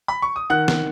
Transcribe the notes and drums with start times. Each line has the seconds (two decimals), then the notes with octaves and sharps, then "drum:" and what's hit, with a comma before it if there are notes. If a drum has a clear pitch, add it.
0.08 B5
0.22 C#6
0.36 D#6
0.50 D#3 F#5 F#6
0.68 drum: snare